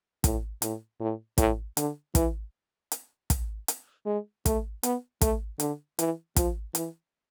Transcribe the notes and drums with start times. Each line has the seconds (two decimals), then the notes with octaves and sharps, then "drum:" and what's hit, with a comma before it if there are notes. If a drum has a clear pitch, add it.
0.24 A2, drum: kick, hi-hat
0.62 A2, drum: hi-hat
1.00 A2
1.38 A2, drum: kick, hi-hat
1.77 D3, drum: hi-hat
2.15 E3, drum: kick, hi-hat
2.92 drum: hi-hat
3.30 drum: kick, hi-hat
3.68 drum: hi-hat
4.06 G#3
4.46 A3, drum: kick, hi-hat
4.83 B3, drum: hi-hat
5.21 A3, drum: kick, hi-hat
5.60 D3, drum: hi-hat
5.99 E3, drum: hi-hat
6.36 F3, drum: kick, hi-hat
6.75 E3, drum: hi-hat